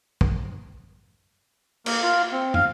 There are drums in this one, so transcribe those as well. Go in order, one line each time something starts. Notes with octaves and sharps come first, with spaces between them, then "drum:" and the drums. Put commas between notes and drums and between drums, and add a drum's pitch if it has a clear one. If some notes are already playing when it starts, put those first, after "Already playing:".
drum: kick
A#3, drum: cymbal
F4
C4
F5, drum: tom